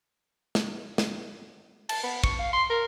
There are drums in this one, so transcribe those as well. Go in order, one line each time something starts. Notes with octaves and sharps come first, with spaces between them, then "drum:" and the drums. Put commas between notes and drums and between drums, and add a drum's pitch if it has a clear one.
drum: snare
drum: snare
A5, drum: cymbal
B3
C#6, drum: kick
F5
C6
A#4